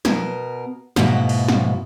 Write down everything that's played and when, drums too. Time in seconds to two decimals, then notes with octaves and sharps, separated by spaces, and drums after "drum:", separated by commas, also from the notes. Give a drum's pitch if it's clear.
0.05 B2 A#4, drum: snare
0.96 G#2 B2 A#3 E4 F#4, drum: snare
1.29 drum: open hi-hat
1.48 drum: snare